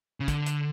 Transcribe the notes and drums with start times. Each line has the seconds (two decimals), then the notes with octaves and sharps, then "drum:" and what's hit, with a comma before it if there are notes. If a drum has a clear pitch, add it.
0.20 C#3
0.28 D3, drum: kick, hi-hat
0.46 drum: hi-hat